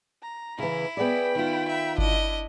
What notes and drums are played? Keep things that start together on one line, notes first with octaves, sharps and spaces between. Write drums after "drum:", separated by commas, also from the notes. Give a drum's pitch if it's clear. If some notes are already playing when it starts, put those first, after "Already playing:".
A#5
C#3 E3 E4
B3 G#4 D5 G5 B5
D#3 E4 F4
E5
D4 E4 D#5, drum: kick G1